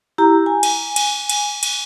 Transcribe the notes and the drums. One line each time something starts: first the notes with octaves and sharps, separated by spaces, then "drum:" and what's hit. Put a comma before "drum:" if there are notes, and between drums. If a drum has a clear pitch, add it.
E4 G4 A#5
G#5
drum: cymbal
drum: cymbal
drum: cymbal
drum: cymbal